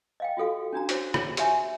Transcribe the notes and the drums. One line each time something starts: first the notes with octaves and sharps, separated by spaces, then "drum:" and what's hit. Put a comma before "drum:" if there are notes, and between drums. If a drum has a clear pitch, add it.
D#5 F5 G5
F4 F#4 A4 F5
C#4 D4 F#4 A#5
E4 F#4 C5 C#5, drum: hi-hat
E4 G#4 C#5, drum: rim click
F#4 G4 C#5 E5 G#5, drum: hi-hat